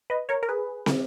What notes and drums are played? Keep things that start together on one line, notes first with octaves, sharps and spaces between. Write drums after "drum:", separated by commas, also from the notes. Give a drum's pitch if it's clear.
B4 D#5
A#4 C#5
A#4
G#4 B4
drum: snare